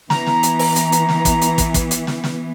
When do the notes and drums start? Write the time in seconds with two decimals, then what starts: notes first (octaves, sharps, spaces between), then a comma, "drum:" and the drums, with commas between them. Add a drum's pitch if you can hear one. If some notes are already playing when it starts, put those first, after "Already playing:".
0.10 E3 B3 A#5, drum: snare
0.26 drum: snare
0.43 drum: hi-hat
0.59 drum: open hi-hat
0.76 drum: hi-hat
0.92 drum: hi-hat
1.09 drum: snare
1.25 drum: kick, hi-hat
1.41 drum: hi-hat
1.58 drum: kick, hi-hat
1.74 drum: kick, hi-hat
1.91 drum: hi-hat
2.07 drum: snare
2.24 drum: snare